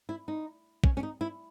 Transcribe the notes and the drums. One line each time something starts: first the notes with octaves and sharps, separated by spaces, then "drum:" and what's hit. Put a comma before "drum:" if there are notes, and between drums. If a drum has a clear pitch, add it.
E4
D#4
C#4, drum: kick
C#4
D#4
E4